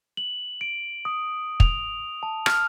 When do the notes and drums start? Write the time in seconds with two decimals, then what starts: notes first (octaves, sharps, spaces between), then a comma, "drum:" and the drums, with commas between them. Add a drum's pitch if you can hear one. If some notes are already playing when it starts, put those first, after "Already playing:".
0.17 F#7
0.61 D7
1.05 D#6
1.60 F7, drum: kick
2.23 A5
2.46 F6, drum: rim click